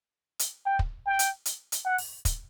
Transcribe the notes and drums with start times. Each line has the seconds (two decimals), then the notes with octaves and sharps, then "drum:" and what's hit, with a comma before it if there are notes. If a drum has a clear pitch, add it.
0.39 drum: hi-hat
0.66 G5
0.79 drum: kick
1.06 G5
1.19 drum: hi-hat
1.45 drum: hi-hat
1.72 drum: hi-hat
1.85 F#5
1.98 drum: open hi-hat
2.25 drum: kick, hi-hat